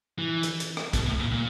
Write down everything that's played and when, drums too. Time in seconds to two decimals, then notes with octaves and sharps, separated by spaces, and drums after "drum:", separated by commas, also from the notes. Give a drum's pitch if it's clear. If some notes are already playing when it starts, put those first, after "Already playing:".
0.18 E3
0.43 drum: hi-hat
0.60 drum: hi-hat
0.77 drum: rim click
0.93 B2, drum: kick, hi-hat
1.06 A2
1.20 A#2
1.32 A#2